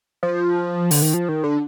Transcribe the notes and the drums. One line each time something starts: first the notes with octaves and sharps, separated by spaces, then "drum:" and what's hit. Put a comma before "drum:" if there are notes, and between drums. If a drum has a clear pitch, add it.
F3
D3, drum: open hi-hat
D#3
F3
D#3
D3